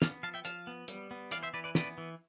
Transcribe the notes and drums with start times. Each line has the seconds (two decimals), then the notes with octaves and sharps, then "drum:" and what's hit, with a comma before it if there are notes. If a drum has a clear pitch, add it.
0.02 B3 D5 F5, drum: snare
0.23 F3 F5 A5
0.34 E5 G5
0.45 F3 F5 A5, drum: hi-hat
0.67 B3
0.88 G3, drum: hi-hat
1.11 B3
1.31 E3 D5 F5, drum: hi-hat
1.43 C5 E5
1.54 E3 B4 D5
1.64 B4 D5
1.75 B3 B4 D5, drum: snare
1.98 E3